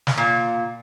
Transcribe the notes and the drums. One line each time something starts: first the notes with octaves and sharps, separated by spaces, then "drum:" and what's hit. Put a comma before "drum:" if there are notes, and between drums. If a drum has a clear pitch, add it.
drum: snare
A#2